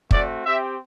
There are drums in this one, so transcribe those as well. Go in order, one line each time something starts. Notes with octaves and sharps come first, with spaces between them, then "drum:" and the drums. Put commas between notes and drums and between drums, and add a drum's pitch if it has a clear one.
A3 C4 F#4 D5, drum: kick
C4 G4 E5